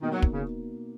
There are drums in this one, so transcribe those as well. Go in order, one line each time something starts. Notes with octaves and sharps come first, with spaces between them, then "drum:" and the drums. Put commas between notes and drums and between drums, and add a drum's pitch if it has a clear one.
B2 D#3 A#3 D#4
F#3
drum: kick
C#3